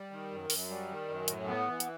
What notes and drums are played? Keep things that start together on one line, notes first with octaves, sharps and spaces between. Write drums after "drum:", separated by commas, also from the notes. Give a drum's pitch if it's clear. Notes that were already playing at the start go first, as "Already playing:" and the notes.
Already playing: G3
D#3
F#2
F#2, drum: open hi-hat
G3
D#3
F#2
A2, drum: hi-hat
B3
E3
drum: hi-hat